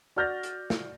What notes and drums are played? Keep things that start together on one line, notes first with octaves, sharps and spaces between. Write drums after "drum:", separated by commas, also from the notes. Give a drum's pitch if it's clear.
F#4 D5 F6 G6 A6 A#6
drum: hi-hat
drum: snare